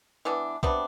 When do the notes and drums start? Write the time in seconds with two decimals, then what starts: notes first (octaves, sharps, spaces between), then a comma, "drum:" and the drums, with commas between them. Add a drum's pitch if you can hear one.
0.25 E3 B3 D4
0.63 C3 G3 B3 D4, drum: kick B1